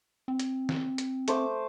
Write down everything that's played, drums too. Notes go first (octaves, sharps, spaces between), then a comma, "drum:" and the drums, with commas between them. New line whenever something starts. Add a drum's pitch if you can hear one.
C4
drum: hi-hat
drum: snare
drum: hi-hat
A3 C5 D6, drum: hi-hat